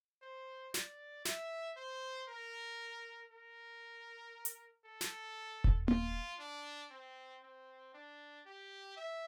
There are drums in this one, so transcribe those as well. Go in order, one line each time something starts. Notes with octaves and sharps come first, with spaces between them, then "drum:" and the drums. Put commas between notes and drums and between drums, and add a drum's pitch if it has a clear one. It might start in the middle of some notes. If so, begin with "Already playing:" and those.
C5
D5, drum: snare
E5, drum: snare
C5
A#4
A#4
drum: hi-hat
A4
drum: snare
drum: kick D#1
F4, drum: tom A#3
D4
C4
C4
D4
G4
E5